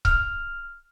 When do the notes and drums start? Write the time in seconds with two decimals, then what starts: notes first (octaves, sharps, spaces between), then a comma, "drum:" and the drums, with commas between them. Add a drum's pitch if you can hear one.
0.05 F6, drum: kick C#1